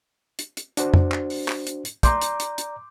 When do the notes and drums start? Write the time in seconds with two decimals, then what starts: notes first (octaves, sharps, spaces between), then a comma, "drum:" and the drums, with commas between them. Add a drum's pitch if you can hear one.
0.39 drum: hi-hat
0.57 drum: hi-hat
0.77 D4 F#4 C5, drum: hi-hat
0.94 drum: tom
1.12 drum: clap
1.30 drum: open hi-hat
1.48 drum: clap
1.67 drum: hi-hat
1.85 drum: hi-hat
2.03 D5 A#5 C6 D6 G6, drum: kick, hi-hat
2.22 drum: hi-hat
2.40 drum: hi-hat
2.58 drum: hi-hat